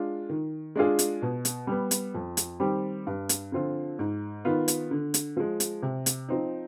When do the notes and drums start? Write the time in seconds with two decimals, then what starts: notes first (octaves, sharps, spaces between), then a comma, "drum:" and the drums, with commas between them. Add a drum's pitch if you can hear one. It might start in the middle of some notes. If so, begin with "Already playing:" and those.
Already playing: G#3 D4 F4
0.29 D#3
0.75 G#3 D4 F4 G#4
0.99 drum: hi-hat
1.22 B2
1.45 drum: hi-hat
1.67 G3 B3
1.91 drum: hi-hat
2.15 F2
2.37 drum: hi-hat
2.60 D#3 G3 C4 G4
3.07 G2
3.29 drum: hi-hat
3.52 D3 F3 C4 F4
3.99 G#2
4.45 D#3 B3 F4
4.68 drum: hi-hat
4.91 D3
5.14 drum: hi-hat
5.37 F3 G#3
5.60 drum: hi-hat
5.82 C3
6.06 drum: hi-hat
6.29 F3 C4 D#4